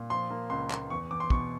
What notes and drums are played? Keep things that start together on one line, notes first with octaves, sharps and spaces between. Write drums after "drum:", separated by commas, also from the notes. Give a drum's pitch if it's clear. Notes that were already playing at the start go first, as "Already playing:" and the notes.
Already playing: A#2
F3 C6
A#3
C#2 C6
A#3, drum: clap
E2 C#6
E2 D6
C6
B2 C#6, drum: kick